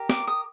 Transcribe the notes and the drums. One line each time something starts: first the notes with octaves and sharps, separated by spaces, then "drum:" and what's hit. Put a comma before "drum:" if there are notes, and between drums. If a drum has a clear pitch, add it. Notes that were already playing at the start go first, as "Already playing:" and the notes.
Already playing: G4 A#4
D6, drum: snare
D#6